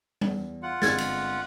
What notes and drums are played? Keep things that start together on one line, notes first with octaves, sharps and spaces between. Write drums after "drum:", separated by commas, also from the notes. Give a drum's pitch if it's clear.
E2, drum: tom G3
F4 F#5
G1 G#3 C4 G#6 A6, drum: snare
drum: cymbal